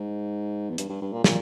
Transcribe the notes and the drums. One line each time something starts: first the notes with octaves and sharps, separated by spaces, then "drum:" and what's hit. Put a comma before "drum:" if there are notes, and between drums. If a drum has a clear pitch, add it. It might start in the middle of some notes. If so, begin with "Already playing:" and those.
Already playing: G#2
E2
G2, drum: hi-hat
G2
G2
A#2
A#2, drum: snare